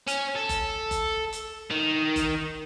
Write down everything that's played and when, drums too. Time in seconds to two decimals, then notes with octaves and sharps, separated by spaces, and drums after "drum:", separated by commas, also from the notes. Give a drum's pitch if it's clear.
0.08 C#4, drum: hi-hat
0.35 A4
0.49 drum: kick F#1, hi-hat
0.91 drum: kick F#1, hi-hat
1.33 drum: hi-hat
1.71 D#3
2.16 drum: kick F#1, hi-hat